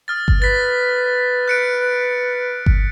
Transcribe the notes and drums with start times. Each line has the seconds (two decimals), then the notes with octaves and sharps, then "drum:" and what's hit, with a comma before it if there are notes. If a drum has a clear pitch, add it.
0.08 D#6 F6 A6
0.28 drum: kick G1
0.42 B4 A6 B6
1.48 F#6 C#7 D7
2.66 drum: kick G1